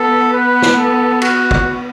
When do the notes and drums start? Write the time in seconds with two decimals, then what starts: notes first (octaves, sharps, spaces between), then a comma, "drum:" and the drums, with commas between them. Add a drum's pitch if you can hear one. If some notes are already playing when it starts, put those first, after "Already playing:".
Already playing: B3 A4
0.33 B4
0.62 drum: snare
0.77 A4
1.22 F#4, drum: cymbal
1.51 drum: kick